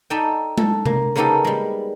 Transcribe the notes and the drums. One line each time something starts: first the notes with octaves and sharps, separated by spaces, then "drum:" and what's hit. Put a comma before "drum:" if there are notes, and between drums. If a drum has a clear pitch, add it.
D#4 A4 D5 E5 G5
A4, drum: tom G#3
A#3, drum: tom C3
C#3 A#3 B3 D#4 G4 A4
G3 G#3